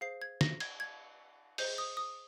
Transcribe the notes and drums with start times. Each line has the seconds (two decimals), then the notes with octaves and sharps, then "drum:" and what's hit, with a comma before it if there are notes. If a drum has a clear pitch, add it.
0.01 G#4 C5 F5 C7
0.22 G#6
0.41 A#6, drum: snare
0.60 G#6, drum: cymbal
0.80 G#6
1.58 G#4 C5 D#5 G6, drum: open hi-hat
1.78 D#6
1.97 D#6